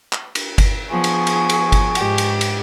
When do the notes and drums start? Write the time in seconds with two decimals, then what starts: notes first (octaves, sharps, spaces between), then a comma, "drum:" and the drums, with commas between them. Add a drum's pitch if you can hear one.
0.12 drum: clap
0.35 drum: cymbal
0.58 drum: kick G1, cymbal
0.89 F3 B3 G#4 G#5 C#6
1.04 drum: cymbal
1.27 drum: cymbal
1.50 drum: cymbal
1.72 drum: kick G1, cymbal
1.95 G#2 G4, drum: cymbal
2.18 drum: cymbal
2.41 drum: cymbal